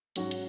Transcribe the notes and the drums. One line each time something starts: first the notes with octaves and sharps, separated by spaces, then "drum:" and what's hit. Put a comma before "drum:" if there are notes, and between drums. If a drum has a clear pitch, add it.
G#2 F#3 C#4 F#4, drum: hi-hat
drum: hi-hat